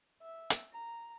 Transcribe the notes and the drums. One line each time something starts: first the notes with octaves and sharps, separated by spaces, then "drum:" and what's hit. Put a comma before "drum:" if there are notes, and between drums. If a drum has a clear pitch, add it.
E5
drum: hi-hat
A#5